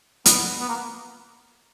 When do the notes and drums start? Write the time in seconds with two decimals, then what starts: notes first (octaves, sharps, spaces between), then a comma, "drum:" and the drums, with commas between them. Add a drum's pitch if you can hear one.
0.26 B3, drum: hi-hat
0.60 B3
0.69 A#3